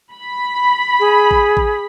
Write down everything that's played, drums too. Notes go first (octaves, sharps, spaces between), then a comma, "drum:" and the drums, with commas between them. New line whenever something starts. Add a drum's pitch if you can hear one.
B5
G#4
drum: kick A1
drum: kick A1